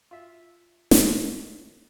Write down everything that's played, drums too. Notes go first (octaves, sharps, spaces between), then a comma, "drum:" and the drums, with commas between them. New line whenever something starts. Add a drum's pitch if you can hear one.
F4 E5
drum: snare